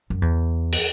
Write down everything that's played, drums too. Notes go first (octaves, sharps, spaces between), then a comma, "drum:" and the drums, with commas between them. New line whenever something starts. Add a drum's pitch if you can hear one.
F#2
E2
drum: open hi-hat